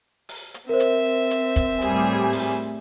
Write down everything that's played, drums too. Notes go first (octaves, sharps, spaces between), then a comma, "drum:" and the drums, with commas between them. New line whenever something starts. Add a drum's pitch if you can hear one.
drum: open hi-hat
drum: hi-hat
C4 A#4 C5 E5
drum: hi-hat
drum: hi-hat
drum: kick, hi-hat
A2 G3 G#4, drum: hi-hat
drum: open hi-hat